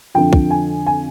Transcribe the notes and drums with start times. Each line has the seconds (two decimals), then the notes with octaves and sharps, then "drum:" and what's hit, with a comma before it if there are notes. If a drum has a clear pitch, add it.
0.15 F2 D3 F3 G5
0.33 drum: kick
0.51 G#5
0.87 G#5